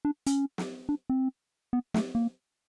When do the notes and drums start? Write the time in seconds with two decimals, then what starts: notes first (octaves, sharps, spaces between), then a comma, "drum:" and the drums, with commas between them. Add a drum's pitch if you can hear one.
0.05 D4
0.27 C#4, drum: hi-hat
0.58 drum: snare
0.89 D4
1.10 C4
1.73 B3
1.94 A3, drum: snare
2.15 A#3